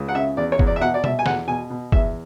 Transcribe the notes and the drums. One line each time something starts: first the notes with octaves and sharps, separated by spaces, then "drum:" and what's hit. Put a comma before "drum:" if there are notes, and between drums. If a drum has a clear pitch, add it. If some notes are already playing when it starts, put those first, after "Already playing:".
Already playing: C#2
F#5
C#3 E5
E2 D5
C#5
E2, drum: kick
D5
E5
B2 F#5
D5
B2 E5, drum: tom
G#5
E2 F#5, drum: snare
B2 G#5
B2
E2 E5, drum: kick